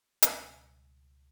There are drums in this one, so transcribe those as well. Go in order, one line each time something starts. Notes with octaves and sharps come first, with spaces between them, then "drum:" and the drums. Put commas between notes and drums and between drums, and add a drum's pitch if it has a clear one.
C#2 B2 G3, drum: hi-hat